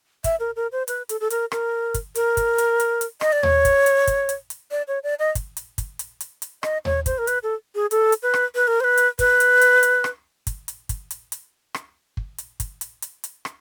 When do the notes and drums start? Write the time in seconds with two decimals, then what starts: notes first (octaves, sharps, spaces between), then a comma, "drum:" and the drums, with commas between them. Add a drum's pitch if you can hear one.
0.24 E5, drum: kick, hi-hat
0.40 A#4
0.56 A#4
0.72 C5
0.88 B4, drum: hi-hat
1.09 A4, drum: hi-hat
1.20 A4
1.30 A#4, drum: hi-hat
1.52 A#4, drum: rim click
1.94 drum: kick, hi-hat
2.15 A#4, drum: hi-hat
2.37 drum: kick, hi-hat
2.58 drum: hi-hat
2.80 drum: hi-hat
3.01 drum: hi-hat
3.21 D#5, drum: rim click
3.32 D5
3.43 C#5, drum: tom D#2
3.65 drum: kick, hi-hat
3.86 drum: hi-hat
4.07 drum: kick, hi-hat
4.29 drum: hi-hat
4.50 drum: hi-hat
4.71 D5
4.88 C#5
5.03 D5
5.19 D#5
5.35 drum: kick, hi-hat
5.57 drum: hi-hat
5.78 drum: kick, hi-hat
5.99 drum: hi-hat
6.21 drum: hi-hat
6.42 drum: hi-hat
6.63 D#5, drum: rim click
6.85 C#5, drum: tom D#2
7.06 C5, drum: kick, hi-hat
7.18 A#4
7.27 B4, drum: hi-hat
7.43 A4
7.75 G#4
7.91 A4, drum: hi-hat
8.12 drum: hi-hat
8.23 B4
8.34 drum: rim click
8.55 B4
8.67 A#4
8.80 C5
8.84 B4
8.97 drum: hi-hat
9.19 B4, drum: kick, hi-hat
9.40 drum: hi-hat
9.61 drum: hi-hat
9.83 drum: hi-hat
10.04 drum: rim click
10.47 drum: kick, hi-hat
10.68 drum: hi-hat
10.89 drum: kick, hi-hat
11.11 drum: hi-hat
11.32 drum: hi-hat
11.74 drum: rim click
12.17 drum: kick
12.38 drum: hi-hat
12.60 drum: kick, hi-hat
12.81 drum: hi-hat
13.02 drum: hi-hat
13.24 drum: hi-hat
13.45 drum: rim click